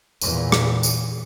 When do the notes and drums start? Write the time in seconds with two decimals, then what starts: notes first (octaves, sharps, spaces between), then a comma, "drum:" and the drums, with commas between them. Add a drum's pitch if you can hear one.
0.22 E2 A#2, drum: tambourine
0.52 drum: rim click
0.83 drum: tambourine